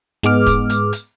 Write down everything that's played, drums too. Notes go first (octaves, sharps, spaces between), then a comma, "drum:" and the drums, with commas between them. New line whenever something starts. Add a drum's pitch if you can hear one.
G#2 G#3 B3 D6 F6, drum: snare
drum: kick, hi-hat
drum: hi-hat
drum: hi-hat